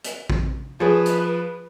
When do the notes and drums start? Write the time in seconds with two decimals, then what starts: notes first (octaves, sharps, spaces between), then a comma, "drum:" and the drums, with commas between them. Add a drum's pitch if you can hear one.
0.04 drum: hi-hat
0.30 drum: kick A1
0.80 F3 G#4 B4 C#5
1.06 drum: hi-hat